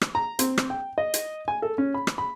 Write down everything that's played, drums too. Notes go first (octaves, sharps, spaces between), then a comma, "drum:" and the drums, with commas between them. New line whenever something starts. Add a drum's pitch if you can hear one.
drum: rim click
A#5
C4, drum: hi-hat
drum: rim click
G5
D#5
drum: hi-hat
G#5
A4
C#4
B5
drum: rim click
B5